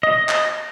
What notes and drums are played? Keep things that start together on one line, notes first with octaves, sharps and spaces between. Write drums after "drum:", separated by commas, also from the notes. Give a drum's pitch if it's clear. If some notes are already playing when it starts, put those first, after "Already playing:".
D#5
drum: clap